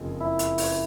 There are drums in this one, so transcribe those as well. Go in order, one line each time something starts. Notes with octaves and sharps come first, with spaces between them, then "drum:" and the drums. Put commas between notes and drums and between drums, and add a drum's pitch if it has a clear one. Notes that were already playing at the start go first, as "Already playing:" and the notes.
Already playing: F#1 F2 C#3 D#4
E4
drum: hi-hat
drum: open hi-hat